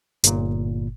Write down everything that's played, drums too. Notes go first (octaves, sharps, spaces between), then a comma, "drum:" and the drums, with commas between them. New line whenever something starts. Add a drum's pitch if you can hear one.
G1 A#2, drum: hi-hat